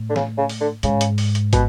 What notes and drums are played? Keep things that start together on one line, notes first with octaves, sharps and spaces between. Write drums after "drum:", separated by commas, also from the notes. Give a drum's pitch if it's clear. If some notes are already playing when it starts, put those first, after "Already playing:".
Already playing: A2
D3
C#3, drum: snare
C#3
drum: open hi-hat
D3
G#2 C#3, drum: hi-hat
drum: hi-hat
drum: open hi-hat
drum: hi-hat
B2, drum: kick, hi-hat